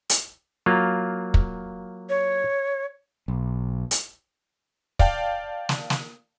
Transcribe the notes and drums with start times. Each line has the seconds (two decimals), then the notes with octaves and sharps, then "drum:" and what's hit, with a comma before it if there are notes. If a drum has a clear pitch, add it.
0.10 drum: hi-hat
0.66 F#3 A#3 F4
1.34 drum: kick
2.09 C#5
3.28 B1
3.91 drum: hi-hat
4.99 D5 F5 G5 A5, drum: kick
5.69 drum: snare
5.90 drum: snare